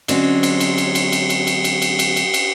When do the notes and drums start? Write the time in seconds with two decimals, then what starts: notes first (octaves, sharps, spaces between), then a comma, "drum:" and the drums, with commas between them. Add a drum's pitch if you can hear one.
0.08 D3 F#3 G#3 C4 C#4, drum: cymbal
0.43 drum: cymbal
0.60 drum: cymbal
0.78 drum: cymbal
0.95 drum: cymbal
1.12 drum: cymbal
1.30 drum: cymbal
1.47 drum: cymbal
1.64 drum: cymbal
1.82 drum: cymbal
1.99 drum: cymbal
2.16 drum: cymbal
2.34 drum: cymbal